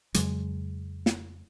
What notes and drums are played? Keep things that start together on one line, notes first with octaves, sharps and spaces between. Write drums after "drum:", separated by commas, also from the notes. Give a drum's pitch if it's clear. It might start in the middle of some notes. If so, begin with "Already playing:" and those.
F2 C#3 F#3 G#3, drum: hi-hat
drum: snare